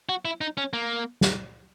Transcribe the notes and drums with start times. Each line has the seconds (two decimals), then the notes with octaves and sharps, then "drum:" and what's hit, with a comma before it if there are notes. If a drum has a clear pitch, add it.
0.09 F#4
0.25 E4
0.41 D#4
0.57 C#4
0.73 A#3
1.21 drum: snare